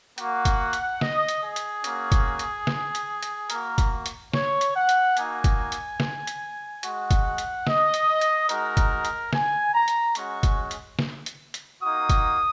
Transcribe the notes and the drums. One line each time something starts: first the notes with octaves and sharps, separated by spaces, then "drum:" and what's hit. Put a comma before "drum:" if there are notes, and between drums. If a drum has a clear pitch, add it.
A#3 F#4 F#5, drum: hi-hat
drum: kick, hi-hat
drum: hi-hat
D#5, drum: snare
drum: hi-hat
G#4
drum: hi-hat
A#3 C#4 F#4, drum: hi-hat
drum: kick, hi-hat
drum: hi-hat
drum: snare
drum: hi-hat
drum: hi-hat
A#3 F#4 A#4, drum: hi-hat
drum: kick, hi-hat
drum: hi-hat
C#5, drum: snare
drum: hi-hat
F#5
drum: hi-hat
A#3 D#4 F#4 G#5, drum: hi-hat
drum: kick, hi-hat
drum: hi-hat
drum: snare
drum: hi-hat
G#3 F#4 F#5, drum: hi-hat
drum: kick, hi-hat
drum: hi-hat
D#5, drum: snare
drum: hi-hat
drum: hi-hat
G#3 D#4 F#4 A#4, drum: hi-hat
drum: kick, hi-hat
drum: hi-hat
G#5, drum: snare
A#5
drum: hi-hat
G#3 C#4 F#4 C#6, drum: hi-hat
drum: kick, hi-hat
drum: hi-hat
drum: snare
drum: hi-hat
drum: hi-hat
A#3 D#4 F#4 D#6
drum: kick, hi-hat